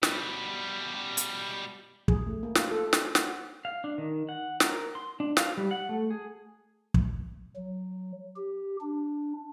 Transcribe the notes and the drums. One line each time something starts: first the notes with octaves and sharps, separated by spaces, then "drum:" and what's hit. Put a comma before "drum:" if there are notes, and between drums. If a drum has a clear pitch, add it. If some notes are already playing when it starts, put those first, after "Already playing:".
B2 G3, drum: snare
drum: hi-hat
G#4, drum: kick
A3
A#3
F4, drum: snare
A4
drum: snare
G#5
F#5, drum: snare
F5
D4
D#3
F#5
A#4, drum: snare
C6
D4
F5, drum: snare
G3
F#5
A3
G#4
drum: kick
F#3
G4
D4